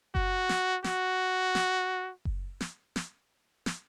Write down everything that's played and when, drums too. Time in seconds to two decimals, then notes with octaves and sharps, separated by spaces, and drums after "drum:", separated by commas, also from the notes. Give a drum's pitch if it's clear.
0.15 F#4, drum: kick F#1
0.49 drum: snare
0.84 F#4, drum: snare
1.55 drum: snare
2.25 drum: kick F#1
2.61 drum: snare
2.96 drum: snare
3.66 drum: snare